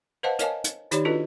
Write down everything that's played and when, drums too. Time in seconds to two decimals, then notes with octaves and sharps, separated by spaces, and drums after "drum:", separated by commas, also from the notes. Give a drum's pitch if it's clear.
0.23 B4 C5 D#5 F5 F#5 A5
0.39 A#4 C#5 D#5 F5 G#5 A5, drum: hi-hat
0.64 drum: hi-hat
0.91 D#3 D#4 G4 C#5 D5, drum: hi-hat
1.05 D4 F4 F#4 A4 B4 D#5